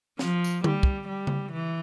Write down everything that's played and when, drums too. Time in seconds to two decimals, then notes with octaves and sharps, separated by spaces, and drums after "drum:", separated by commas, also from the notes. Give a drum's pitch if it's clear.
0.19 F3, drum: snare C4
0.44 drum: tambourine
0.64 G3, drum: tom D3
0.83 drum: kick
1.08 G3
1.27 drum: tom C#3
1.52 E3